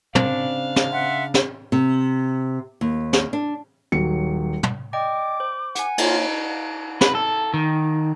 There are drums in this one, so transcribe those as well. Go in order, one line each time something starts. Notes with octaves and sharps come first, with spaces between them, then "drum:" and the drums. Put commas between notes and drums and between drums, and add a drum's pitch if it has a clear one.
C#3 C4 D4 D5 F5, drum: tom
drum: snare
E5 F#5 C6
drum: snare
C3
D#2
drum: snare
D4
D#1 F#3 C#7
drum: tom
D5 D#5 G5 D6
C5
F#5 G#5, drum: hi-hat
A#3 F4 C#5, drum: cymbal
B4, drum: snare
A4
D#3